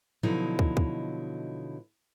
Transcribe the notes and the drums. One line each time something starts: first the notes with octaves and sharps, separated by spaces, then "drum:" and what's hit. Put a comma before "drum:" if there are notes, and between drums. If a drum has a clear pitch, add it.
B2 D3 F3 F#3 D#4 E4
drum: kick
drum: kick